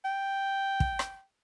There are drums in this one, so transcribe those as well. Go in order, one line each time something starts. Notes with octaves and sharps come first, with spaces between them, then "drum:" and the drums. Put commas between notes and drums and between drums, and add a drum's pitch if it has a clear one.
G5
drum: kick
drum: rim click